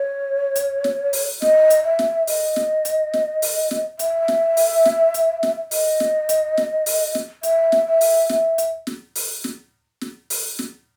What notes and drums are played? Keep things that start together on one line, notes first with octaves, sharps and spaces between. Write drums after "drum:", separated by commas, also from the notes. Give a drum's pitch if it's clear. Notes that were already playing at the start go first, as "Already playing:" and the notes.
Already playing: C#5
drum: hi-hat
drum: snare
drum: open hi-hat
D#5, drum: snare
drum: hi-hat
E5
drum: snare
D#5, drum: open hi-hat
drum: snare
drum: hi-hat
drum: snare
drum: open hi-hat
drum: snare
E5, drum: hi-hat
drum: snare
drum: open hi-hat
drum: snare
drum: hi-hat
drum: snare
D#5, drum: open hi-hat
drum: snare
drum: hi-hat
drum: snare
drum: open hi-hat
drum: snare
E5, drum: hi-hat
drum: snare
E5
drum: open hi-hat
E5, drum: snare
drum: hi-hat
drum: snare
drum: open hi-hat
drum: snare
drum: snare
drum: open hi-hat
drum: snare